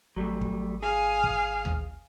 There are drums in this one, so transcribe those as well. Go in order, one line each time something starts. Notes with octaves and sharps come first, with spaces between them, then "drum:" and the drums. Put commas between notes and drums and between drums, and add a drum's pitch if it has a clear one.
G#1 F#3 G3 A3
drum: kick
G#4 F5 G#5 D#6
drum: kick
drum: tom D2